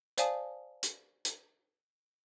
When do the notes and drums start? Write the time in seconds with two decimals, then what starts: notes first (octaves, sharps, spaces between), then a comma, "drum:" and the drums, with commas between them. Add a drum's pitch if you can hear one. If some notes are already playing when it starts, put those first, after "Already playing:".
0.18 C5 D5 F5 G#5 A5 D#6, drum: hi-hat
0.83 drum: hi-hat
1.25 drum: hi-hat